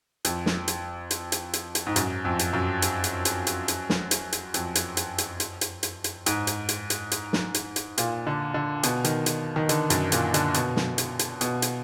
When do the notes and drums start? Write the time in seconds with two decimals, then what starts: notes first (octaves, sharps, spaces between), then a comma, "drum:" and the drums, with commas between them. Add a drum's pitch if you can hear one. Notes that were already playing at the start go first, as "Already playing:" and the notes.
0.25 F2, drum: hi-hat
0.46 drum: snare
0.68 drum: hi-hat
1.11 drum: hi-hat
1.32 drum: hi-hat
1.53 drum: hi-hat
1.75 drum: hi-hat
1.87 G#2
1.96 F#2, drum: hi-hat
2.25 F2
2.39 drum: hi-hat
2.53 F#2
2.82 drum: hi-hat
3.04 drum: hi-hat
3.25 drum: hi-hat
3.47 drum: hi-hat
3.68 drum: hi-hat
3.90 drum: snare
4.11 drum: hi-hat
4.32 drum: hi-hat
4.54 F2, drum: hi-hat
4.75 drum: hi-hat
4.97 drum: hi-hat
5.18 drum: hi-hat
5.40 drum: hi-hat
5.61 drum: hi-hat
5.83 drum: hi-hat
6.04 drum: hi-hat
6.26 G#2, drum: hi-hat
6.47 drum: hi-hat
6.69 drum: hi-hat
6.90 drum: hi-hat
7.12 drum: hi-hat
7.33 drum: snare
7.54 drum: hi-hat
7.76 drum: hi-hat
7.98 A#2, drum: hi-hat
8.27 D3
8.54 D3
8.83 B2, drum: hi-hat
9.05 D#3, drum: hi-hat
9.26 drum: hi-hat
9.56 D#3
9.69 D3, drum: hi-hat
9.90 F#2, drum: hi-hat
10.12 A#2, drum: hi-hat
10.34 D3, drum: hi-hat
10.54 B2, drum: hi-hat
10.76 drum: snare
10.98 drum: hi-hat
11.19 drum: hi-hat
11.41 B2, drum: hi-hat
11.62 drum: hi-hat